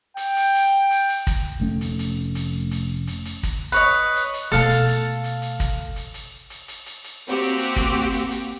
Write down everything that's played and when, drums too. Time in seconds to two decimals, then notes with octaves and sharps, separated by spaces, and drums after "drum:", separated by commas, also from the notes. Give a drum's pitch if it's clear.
0.17 G5, drum: hi-hat
0.37 drum: hi-hat
0.55 drum: hi-hat
0.91 drum: hi-hat
1.09 drum: hi-hat
1.27 drum: kick, hi-hat
1.60 F1 A3 C#4
1.81 drum: hi-hat
1.99 drum: hi-hat
2.35 drum: hi-hat
2.71 drum: hi-hat
3.07 drum: hi-hat
3.25 drum: hi-hat
3.43 drum: kick, hi-hat
3.72 B4 C#5 D#5
4.15 drum: hi-hat
4.34 drum: hi-hat
4.52 B2 A3 A4 F5 A5, drum: hi-hat
4.70 drum: hi-hat
4.88 drum: hi-hat
5.24 drum: hi-hat
5.42 drum: hi-hat
5.60 drum: kick, hi-hat
5.96 drum: hi-hat
6.14 drum: hi-hat
6.50 drum: hi-hat
6.68 drum: hi-hat
6.86 drum: hi-hat
7.04 drum: hi-hat
7.28 A#3 C4 F#4 G4
7.40 drum: hi-hat
7.58 drum: hi-hat
7.76 drum: kick, hi-hat
8.12 drum: hi-hat
8.30 drum: hi-hat